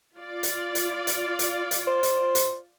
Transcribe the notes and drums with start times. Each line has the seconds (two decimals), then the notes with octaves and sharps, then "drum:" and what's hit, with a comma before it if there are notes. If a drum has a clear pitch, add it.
0.16 F4 D5
0.43 drum: hi-hat
0.75 drum: hi-hat
1.07 drum: hi-hat
1.39 drum: hi-hat
1.71 drum: hi-hat
1.87 C5
2.03 drum: hi-hat
2.35 drum: hi-hat